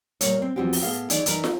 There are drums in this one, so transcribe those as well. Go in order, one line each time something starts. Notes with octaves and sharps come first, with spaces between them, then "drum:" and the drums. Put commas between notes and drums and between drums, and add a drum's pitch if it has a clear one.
A#2 G3 A#3 C#5, drum: hi-hat
C4
E2 G2 F3 C4 F#4 G4
drum: open hi-hat
A2 B3 G#4 F5
D#2 E3 D#4 G#4 D5, drum: hi-hat
E3 D#4 A#4, drum: hi-hat
drum: snare